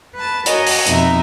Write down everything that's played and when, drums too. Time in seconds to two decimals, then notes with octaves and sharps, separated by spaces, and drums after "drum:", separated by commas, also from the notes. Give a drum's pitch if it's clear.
0.15 B4 A5
0.46 F#4 A#4 C#5 D#5 G#5, drum: hi-hat
0.67 drum: open hi-hat
0.86 F2 B2 C4 D#4 E5, drum: hi-hat